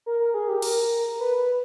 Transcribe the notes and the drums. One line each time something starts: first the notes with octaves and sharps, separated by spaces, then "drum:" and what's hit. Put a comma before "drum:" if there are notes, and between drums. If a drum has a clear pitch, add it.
A#4
A#4
G#4
G4
A#4, drum: cymbal
B4
B4